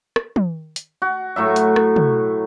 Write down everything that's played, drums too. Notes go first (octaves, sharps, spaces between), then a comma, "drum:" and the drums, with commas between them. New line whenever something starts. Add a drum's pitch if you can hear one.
drum: rim click
drum: tom
drum: hi-hat
F#4
A2 F#3 E5
drum: hi-hat
drum: rim click
drum: tom